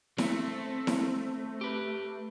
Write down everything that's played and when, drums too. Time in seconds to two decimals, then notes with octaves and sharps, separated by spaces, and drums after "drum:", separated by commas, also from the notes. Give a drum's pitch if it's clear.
0.18 A3 C4, drum: snare E4
0.87 drum: snare E4
1.61 G4 B4